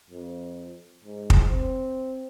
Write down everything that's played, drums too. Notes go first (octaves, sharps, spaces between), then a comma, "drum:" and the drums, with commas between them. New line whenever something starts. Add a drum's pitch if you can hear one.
F2
G#2
drum: kick
C4